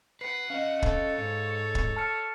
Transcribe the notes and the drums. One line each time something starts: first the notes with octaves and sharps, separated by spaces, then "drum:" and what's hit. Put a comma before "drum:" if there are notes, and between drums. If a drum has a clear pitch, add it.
B4 F#5 C7
C#4 D#5 F5
A4 C#5, drum: kick
G#2
drum: kick
A5 F6 C#7